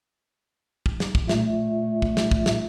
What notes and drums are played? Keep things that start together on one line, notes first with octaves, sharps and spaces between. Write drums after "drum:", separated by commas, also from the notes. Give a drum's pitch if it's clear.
drum: kick
drum: snare
drum: kick
A#2 A3, drum: snare
drum: kick
drum: snare
drum: kick
drum: snare